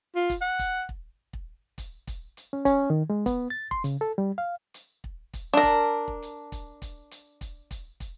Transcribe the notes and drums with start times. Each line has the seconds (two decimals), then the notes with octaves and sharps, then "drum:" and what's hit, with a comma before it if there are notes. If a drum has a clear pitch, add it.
0.15 F4
0.30 drum: kick, hi-hat
0.41 F#5
0.59 drum: kick, hi-hat
0.89 drum: kick
1.33 drum: kick
1.78 drum: kick, hi-hat
2.07 drum: kick, hi-hat
2.37 drum: hi-hat
2.53 C#4
2.65 C#4, drum: kick, hi-hat
2.90 D#3
3.10 G#3
3.26 B3, drum: kick, hi-hat
3.50 A6
3.71 C6, drum: kick
3.84 C#3, drum: hi-hat
4.01 A4
4.18 G3
4.38 F5
4.74 drum: hi-hat
5.04 drum: kick
5.34 drum: kick, hi-hat
5.54 D4 A#4
5.63 drum: kick, hi-hat
6.08 drum: kick
6.22 drum: hi-hat
6.52 drum: kick, hi-hat
6.82 drum: kick, hi-hat
7.11 drum: hi-hat
7.41 drum: kick, hi-hat
7.71 drum: kick, hi-hat
8.00 drum: kick, hi-hat